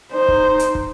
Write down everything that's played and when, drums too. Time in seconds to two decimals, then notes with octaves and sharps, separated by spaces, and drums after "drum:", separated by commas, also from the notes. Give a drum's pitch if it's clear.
0.13 D#4 C5
0.28 drum: kick
0.59 drum: hi-hat
0.75 drum: kick